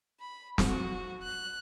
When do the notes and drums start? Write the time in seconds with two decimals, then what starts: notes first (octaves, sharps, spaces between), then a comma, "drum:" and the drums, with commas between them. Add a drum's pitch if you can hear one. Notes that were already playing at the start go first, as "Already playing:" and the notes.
0.20 B5
0.58 F#4, drum: snare
1.23 F#6